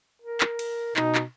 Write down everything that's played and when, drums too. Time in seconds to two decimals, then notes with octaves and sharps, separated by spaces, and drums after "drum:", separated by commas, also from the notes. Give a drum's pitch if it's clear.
0.22 A#4
0.41 drum: clap
0.59 drum: cymbal
0.96 B2 D#4, drum: clap
1.15 drum: clap